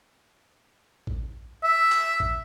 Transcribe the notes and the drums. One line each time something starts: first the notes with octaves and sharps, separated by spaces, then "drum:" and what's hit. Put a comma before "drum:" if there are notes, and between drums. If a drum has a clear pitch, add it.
drum: kick A1
E5
drum: clap
drum: kick A1